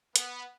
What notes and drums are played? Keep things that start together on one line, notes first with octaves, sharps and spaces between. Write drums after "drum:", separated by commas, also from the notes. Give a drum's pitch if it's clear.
B3, drum: hi-hat